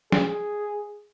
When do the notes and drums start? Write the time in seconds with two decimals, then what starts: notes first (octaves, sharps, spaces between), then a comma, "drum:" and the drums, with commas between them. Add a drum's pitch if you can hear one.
0.12 G#4, drum: snare